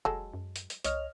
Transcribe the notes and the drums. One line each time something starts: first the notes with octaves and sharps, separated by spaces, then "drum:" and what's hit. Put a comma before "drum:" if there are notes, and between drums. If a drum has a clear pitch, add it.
F1 F#3 G#3 A4
F#2
drum: hi-hat
drum: hi-hat
C2 C#5 D#5 F6, drum: hi-hat